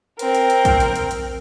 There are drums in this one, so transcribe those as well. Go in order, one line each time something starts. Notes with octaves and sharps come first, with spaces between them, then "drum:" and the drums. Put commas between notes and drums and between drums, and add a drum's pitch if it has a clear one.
C4 A#4, drum: hi-hat
drum: hi-hat
drum: hi-hat
drum: kick A#1, hi-hat
drum: hi-hat
drum: hi-hat
drum: hi-hat